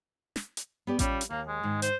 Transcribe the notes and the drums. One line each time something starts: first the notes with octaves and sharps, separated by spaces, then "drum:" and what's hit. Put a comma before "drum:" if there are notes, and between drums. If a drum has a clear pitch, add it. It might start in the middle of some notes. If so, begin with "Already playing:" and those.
drum: snare
drum: hi-hat
B3 G4 D5
G3 C#4 F4, drum: kick A1, hi-hat
drum: hi-hat
D#2 A#3
G#3
G#2 D#3
C5, drum: hi-hat